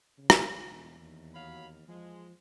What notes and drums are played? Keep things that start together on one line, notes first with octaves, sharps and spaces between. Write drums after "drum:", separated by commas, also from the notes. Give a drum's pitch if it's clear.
C#3
drum: rim click
E1 E2
D#2
F#3 F5 B5
F3 G#3